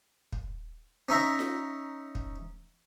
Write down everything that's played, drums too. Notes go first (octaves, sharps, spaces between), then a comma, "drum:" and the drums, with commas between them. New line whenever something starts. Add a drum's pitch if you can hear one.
drum: kick
C#4 D#4 E5 A#5
drum: snare F4
drum: kick